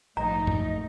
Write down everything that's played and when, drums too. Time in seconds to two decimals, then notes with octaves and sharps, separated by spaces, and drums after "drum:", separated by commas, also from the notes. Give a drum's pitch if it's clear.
0.17 A#1 G#2 A3 D#4 D#5 A#5
0.47 drum: tom F#2